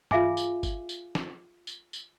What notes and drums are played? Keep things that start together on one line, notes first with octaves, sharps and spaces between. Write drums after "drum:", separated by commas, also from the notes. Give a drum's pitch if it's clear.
F4 G#4 E5 F5 G#5 D6, drum: tom G2
drum: tambourine
drum: kick G1, tambourine
drum: tambourine
drum: snare
drum: tambourine
drum: tambourine